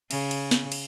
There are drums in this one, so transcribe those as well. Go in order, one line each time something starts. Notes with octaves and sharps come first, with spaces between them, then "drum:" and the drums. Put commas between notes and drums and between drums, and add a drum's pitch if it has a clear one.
C#3, drum: cymbal
drum: cymbal
drum: snare
drum: cymbal